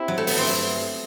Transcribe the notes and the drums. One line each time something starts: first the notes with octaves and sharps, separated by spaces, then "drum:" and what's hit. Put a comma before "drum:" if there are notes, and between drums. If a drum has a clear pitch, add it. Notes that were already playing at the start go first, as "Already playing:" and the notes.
Already playing: C4 E4 G4
F#3
A3
B3, drum: open hi-hat
G2 D3 C4
E4, drum: hi-hat